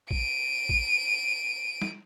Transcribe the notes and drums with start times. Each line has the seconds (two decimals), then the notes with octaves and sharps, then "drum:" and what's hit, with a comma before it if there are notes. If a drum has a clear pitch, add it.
0.11 D7 D#7, drum: kick A#1
0.69 drum: kick A#1
1.82 drum: snare